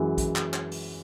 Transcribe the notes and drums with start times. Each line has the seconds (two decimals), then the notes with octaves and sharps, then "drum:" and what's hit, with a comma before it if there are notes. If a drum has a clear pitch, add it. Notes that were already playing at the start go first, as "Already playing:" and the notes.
Already playing: F#2 E3 G#3
0.18 drum: kick, hi-hat
0.36 drum: clap
0.54 drum: clap
0.72 drum: open hi-hat